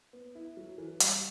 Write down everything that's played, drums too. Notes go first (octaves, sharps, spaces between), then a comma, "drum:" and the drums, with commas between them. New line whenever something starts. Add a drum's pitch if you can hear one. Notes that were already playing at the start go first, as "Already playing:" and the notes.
B3
E4
F#3
E3
G3, drum: hi-hat